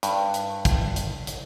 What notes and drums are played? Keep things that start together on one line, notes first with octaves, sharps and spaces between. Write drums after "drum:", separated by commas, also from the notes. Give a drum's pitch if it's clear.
G2, drum: hi-hat
drum: hi-hat
drum: kick, hi-hat
drum: hi-hat
drum: hi-hat